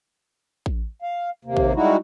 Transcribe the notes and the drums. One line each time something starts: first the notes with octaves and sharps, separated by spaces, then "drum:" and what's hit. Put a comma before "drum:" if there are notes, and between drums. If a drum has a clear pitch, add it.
drum: kick A1
F5
D#2 C3 A#3
drum: kick A1
G3 G#3 D#4 E4 F#4